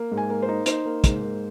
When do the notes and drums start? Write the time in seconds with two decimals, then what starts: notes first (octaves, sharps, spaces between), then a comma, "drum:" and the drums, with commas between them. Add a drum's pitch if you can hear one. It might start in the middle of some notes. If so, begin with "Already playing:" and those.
Already playing: A#3
0.12 G#2
0.17 G#5
0.30 A#3
0.42 C5
0.49 D#4
0.66 D#4 C5, drum: hi-hat
0.85 A#3
1.04 G#2, drum: kick, hi-hat
1.22 A#3